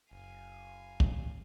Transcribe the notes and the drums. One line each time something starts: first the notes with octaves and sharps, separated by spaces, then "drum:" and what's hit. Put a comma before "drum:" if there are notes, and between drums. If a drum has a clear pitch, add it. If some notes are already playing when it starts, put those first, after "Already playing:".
F#1 F5 G#5
drum: kick